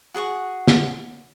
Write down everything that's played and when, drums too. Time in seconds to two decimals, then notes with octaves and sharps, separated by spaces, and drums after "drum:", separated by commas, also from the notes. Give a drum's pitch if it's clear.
0.14 F#4 G#4 F#5 C#6
0.68 drum: snare